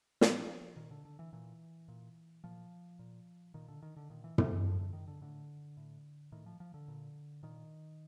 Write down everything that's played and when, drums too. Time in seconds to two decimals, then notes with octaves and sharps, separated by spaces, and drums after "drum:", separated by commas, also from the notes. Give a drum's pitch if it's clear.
0.21 A#2 F3, drum: snare
0.76 A#2 D#3
0.91 D3
1.05 D3
1.19 E3
1.33 A#2 E3
1.88 A#2
2.44 A#2 F3
2.99 A#2
3.54 A#2 D#3
3.68 D3
3.83 D#3
3.96 D3
4.10 A#2 D#3
4.24 E3
4.38 F3, drum: tom
4.52 E3
4.65 A2 F3
4.79 D3
4.93 D#3
5.08 D3
5.21 A2 D3
5.77 A2
6.32 A2 D#3
6.46 F3
6.60 F3
6.74 D3
6.88 A#2
7.43 A#2 D#3